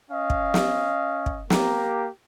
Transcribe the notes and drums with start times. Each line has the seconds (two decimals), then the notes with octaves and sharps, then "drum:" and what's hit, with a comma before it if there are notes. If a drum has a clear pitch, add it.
0.11 C#4 D#5 F5
0.30 drum: kick
0.54 drum: snare
1.26 drum: kick
1.50 A#3 G4 A#5, drum: snare